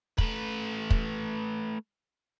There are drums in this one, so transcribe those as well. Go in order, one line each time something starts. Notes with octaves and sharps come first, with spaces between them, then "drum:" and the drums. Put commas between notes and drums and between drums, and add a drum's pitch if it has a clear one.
A3 B4, drum: kick
drum: kick